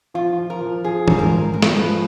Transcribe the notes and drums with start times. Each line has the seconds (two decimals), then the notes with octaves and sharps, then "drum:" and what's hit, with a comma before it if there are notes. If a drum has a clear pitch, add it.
0.14 F3 F4
0.38 F3
0.50 A#4
0.61 F3
0.84 F3 G#4
1.08 G#2, drum: tom D#3
1.19 A#4
1.31 G#2
1.53 G#3 A#4
1.62 drum: snare
1.76 F3 B4